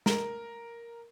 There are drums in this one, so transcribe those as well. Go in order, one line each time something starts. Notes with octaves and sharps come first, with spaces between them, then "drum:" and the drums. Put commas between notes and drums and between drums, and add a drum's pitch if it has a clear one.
A#4, drum: snare